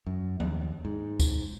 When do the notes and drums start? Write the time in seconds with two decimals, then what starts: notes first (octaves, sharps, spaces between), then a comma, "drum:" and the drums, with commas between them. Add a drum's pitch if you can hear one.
0.06 F#2
0.40 D#2, drum: tom F3
0.85 G#2
1.20 drum: kick, tambourine